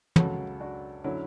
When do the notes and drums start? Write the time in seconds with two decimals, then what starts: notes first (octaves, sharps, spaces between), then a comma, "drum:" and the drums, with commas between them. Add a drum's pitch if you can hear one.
0.16 C#2 C#3 F#3 F#4 A4, drum: tom
0.60 D4 F#4
1.04 D3 F#3 C#4 E4